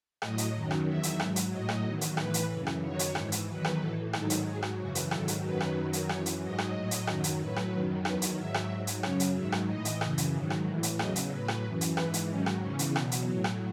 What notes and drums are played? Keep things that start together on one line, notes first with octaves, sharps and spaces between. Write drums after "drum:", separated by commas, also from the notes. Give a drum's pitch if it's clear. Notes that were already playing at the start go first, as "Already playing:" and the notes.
A2 F#3 D#5, drum: rim click
drum: hi-hat
F#2 D#3 F#3
drum: rim click
E2 D#3 F#3 E5
drum: hi-hat
G#2 F#3, drum: rim click
drum: hi-hat
A2 F#3 D#5
drum: rim click
E2 D#3 F#3
drum: hi-hat
A2 E3 B4, drum: rim click
drum: hi-hat
F#2 C#3 E3
drum: rim click
F#2 D#3 F#3 C#5
drum: hi-hat
G#2 E3, drum: rim click
drum: hi-hat
E2 D#3 F#3 B4
drum: rim click
A2 E3 A4
G#2 D#3 F#3 A4, drum: rim click
drum: hi-hat
G#2 F#3 G#4
drum: rim click
F#2 C#3 E3 F#4
drum: hi-hat
G#2 D#3 F#3 A4, drum: rim click
drum: hi-hat
F#2 D#3 F#3 B4
drum: rim click
F#2 D#3 F#3
drum: hi-hat
F#2 E3 C#5, drum: rim click
drum: hi-hat
G#2 F#3 D#5
drum: rim click
A2 F#3 D#5
drum: hi-hat
F#2 D#3 F#3, drum: rim click
drum: hi-hat
A2 F#3 B4
drum: rim click
F#2 D#3 F#3
E2 D#3 F#3 B4, drum: rim click
drum: hi-hat
G#2 F#3 E5
drum: rim click
G#2 F#3
drum: hi-hat
F#2 C#3 F#3 C#5, drum: rim click
drum: hi-hat
G#2 D#3 F#3 E5
drum: rim click
A2 E3 D#5
drum: hi-hat
F#2 C#3 E3, drum: rim click
drum: hi-hat
G#2 D#3 F#3
drum: rim click
A2 E3
drum: hi-hat
E2 C#3 F#3 D#5, drum: rim click
drum: hi-hat
A2 F#3 B4
drum: rim click
F#2 E3
drum: hi-hat
G#2 E3 B4, drum: rim click
drum: hi-hat
G#2 D#3 F#3 C#4
drum: rim click
E2 C#3 E3 C#4
drum: hi-hat
E2 B2 F#3, drum: rim click
drum: hi-hat
A2 F#3
drum: rim click